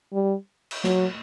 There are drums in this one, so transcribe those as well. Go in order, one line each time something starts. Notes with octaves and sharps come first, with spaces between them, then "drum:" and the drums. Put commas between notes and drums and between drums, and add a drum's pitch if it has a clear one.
G3
drum: cymbal
F#3, drum: snare